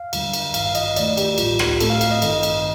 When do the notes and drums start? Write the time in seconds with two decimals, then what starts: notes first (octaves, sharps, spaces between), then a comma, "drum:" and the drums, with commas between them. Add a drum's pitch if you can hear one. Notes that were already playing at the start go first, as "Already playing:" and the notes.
Already playing: F5
0.13 D#2 D3 G3, drum: cymbal
0.33 drum: cymbal
0.54 A1 G2 D#3 F5, drum: cymbal
0.66 F5
0.75 D#5, drum: cymbal
0.96 D#2 D#3 A3 D5, drum: cymbal
1.17 G4, drum: cymbal
1.38 A1 A2 G3 F4, drum: cymbal
1.59 G4, drum: rim click
1.80 A2 A3 C4 A4, drum: cymbal
1.90 F5
2.01 F5, drum: cymbal
2.11 D#5
2.22 A1 G2 D#3, drum: cymbal
2.43 drum: cymbal